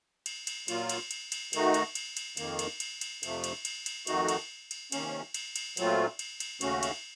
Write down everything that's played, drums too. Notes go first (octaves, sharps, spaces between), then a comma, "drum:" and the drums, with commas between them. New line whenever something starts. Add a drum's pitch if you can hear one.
drum: cymbal
drum: cymbal
A#2 F#3 A#3 F4, drum: cymbal
drum: cymbal
drum: cymbal
drum: cymbal
D#3 A3 D#4 F#4, drum: cymbal
drum: cymbal
drum: cymbal
drum: cymbal
F2 D#3 A#3, drum: cymbal
drum: cymbal
drum: cymbal
drum: cymbal
F2 C3 F3 A3, drum: cymbal
drum: cymbal
drum: cymbal
drum: cymbal
F2 D#3 A3 D#4 F#4, drum: cymbal
drum: cymbal
drum: cymbal
C3 D#3 A#3 C#4, drum: cymbal
drum: cymbal
drum: cymbal
A#2 F#3 A3 C4 F4, drum: cymbal
drum: cymbal
drum: cymbal
D#2 C#3 A3 C#4 F#4, drum: cymbal
drum: cymbal